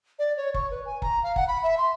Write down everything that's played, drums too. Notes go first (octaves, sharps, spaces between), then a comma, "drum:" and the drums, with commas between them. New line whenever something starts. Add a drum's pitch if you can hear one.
D5
C#5
C#6, drum: kick F#1
B4
G#5
A#5, drum: kick F#1
F5
F#5, drum: kick F#1
B5
E5
C6